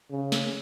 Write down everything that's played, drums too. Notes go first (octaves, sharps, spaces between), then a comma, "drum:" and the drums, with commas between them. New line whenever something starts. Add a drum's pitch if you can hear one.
C#3
drum: snare